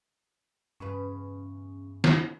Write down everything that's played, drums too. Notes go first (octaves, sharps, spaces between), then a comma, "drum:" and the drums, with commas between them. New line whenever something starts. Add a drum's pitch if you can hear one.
E2 G2 C#3 C#4 B4
drum: snare